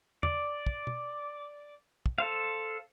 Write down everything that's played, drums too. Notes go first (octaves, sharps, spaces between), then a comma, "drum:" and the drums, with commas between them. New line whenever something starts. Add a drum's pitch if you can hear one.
D5, drum: tom E2
drum: kick
drum: tom
drum: kick
A4 C5 F5